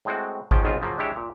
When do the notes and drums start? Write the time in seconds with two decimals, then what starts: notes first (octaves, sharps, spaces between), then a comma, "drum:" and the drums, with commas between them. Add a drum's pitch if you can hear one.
0.05 A2 G#3 C4 F#4
0.51 G#2 F3 C#4 G5, drum: kick G#1
0.63 B1 G#2 D#3 B3 C4 F4
0.82 C#3 F3 F#3 A#3
0.98 G#3 D4 E4 G4 C#5 E5
1.16 A#2